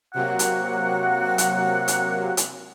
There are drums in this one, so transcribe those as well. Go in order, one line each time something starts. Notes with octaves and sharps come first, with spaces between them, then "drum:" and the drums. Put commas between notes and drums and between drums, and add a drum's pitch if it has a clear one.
C3 F#3 A#3 F#4 F#5
drum: hi-hat
drum: hi-hat
drum: hi-hat
drum: hi-hat